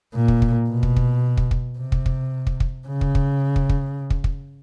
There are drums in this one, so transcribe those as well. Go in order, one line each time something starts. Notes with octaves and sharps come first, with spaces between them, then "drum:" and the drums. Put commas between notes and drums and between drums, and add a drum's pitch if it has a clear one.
A#2
drum: kick
drum: kick
B2
drum: kick
drum: kick
drum: kick
drum: kick
C3
drum: kick
drum: kick
drum: kick
drum: kick
C#3
drum: kick
drum: kick
drum: kick
drum: kick
drum: kick
drum: kick